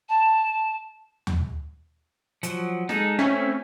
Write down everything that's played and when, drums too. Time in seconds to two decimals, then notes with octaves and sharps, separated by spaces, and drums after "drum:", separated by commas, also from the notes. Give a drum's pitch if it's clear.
0.09 A5
1.27 drum: tom
2.43 F3 F#3, drum: hi-hat
2.89 G#3 D#4 A4, drum: snare
3.19 A3 C4 C#4 E4